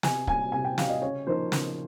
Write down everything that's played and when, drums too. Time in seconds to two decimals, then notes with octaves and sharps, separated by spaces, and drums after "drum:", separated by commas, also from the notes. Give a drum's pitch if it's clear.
0.03 C3 G#5, drum: snare
0.27 G3 C#4 G#5, drum: kick
0.52 C3 G#5
0.65 G5
0.78 G3 C#4 F5, drum: snare
0.89 D#5
1.02 C#3 C#5
1.27 F3 A#3 D#4 C5
1.52 C#3, drum: snare